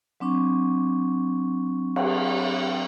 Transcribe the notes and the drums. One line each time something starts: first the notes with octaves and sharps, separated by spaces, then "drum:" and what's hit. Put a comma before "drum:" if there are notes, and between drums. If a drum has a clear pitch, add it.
F#3 C4 D4 C#6
drum: cymbal